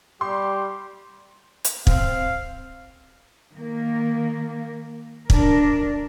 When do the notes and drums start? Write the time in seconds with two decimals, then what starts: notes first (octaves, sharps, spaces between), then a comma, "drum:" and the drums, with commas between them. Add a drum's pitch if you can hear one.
0.21 G3 G4 C6
1.65 drum: hi-hat
1.87 C4 F5, drum: kick
3.52 D#3 A#3
5.30 D2 D4 A#4, drum: kick